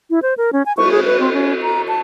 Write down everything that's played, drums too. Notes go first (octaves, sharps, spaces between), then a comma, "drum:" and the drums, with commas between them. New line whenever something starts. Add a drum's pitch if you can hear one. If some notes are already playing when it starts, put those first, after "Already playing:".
E4
C5
A#4
C#4
G#5
C#6, drum: cymbal
G#4
B4
C4
C#4
A#5
A5